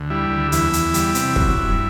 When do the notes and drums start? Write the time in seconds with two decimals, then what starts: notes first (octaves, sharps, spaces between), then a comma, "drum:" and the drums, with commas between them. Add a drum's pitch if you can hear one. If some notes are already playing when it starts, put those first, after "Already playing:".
Already playing: D2
0.10 G3 E4
0.31 D2
0.52 E2 E4, drum: hi-hat
0.73 E2, drum: hi-hat
0.94 G3, drum: hi-hat
1.15 C3, drum: hi-hat
1.36 F#3, drum: kick
1.57 G2